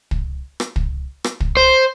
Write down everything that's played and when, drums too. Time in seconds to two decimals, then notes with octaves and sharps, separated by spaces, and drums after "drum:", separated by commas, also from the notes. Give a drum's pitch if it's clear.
0.11 drum: kick
0.60 drum: rim click
0.76 drum: kick
1.24 drum: rim click
1.41 drum: kick
1.57 C5